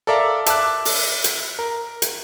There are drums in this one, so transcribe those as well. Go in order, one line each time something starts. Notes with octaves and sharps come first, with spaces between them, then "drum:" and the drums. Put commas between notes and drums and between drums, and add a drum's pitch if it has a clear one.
A4 A#4 D5 E5 F5 A#5
E5 A5 D6 E6 F#6, drum: hi-hat
drum: open hi-hat
drum: hi-hat
A#4
drum: hi-hat